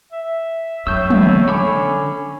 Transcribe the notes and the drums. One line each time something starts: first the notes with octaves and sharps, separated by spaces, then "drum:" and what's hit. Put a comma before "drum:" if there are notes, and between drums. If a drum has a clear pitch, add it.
E5
A2 F#3 C#5 E6 G6
drum: tom
D3 C#4 B5 D6